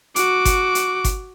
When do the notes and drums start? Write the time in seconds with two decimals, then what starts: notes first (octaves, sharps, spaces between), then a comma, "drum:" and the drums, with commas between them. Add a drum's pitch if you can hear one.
0.16 F#4 D6, drum: hi-hat
0.45 drum: kick G1, hi-hat
0.75 drum: hi-hat
1.04 drum: kick G1, hi-hat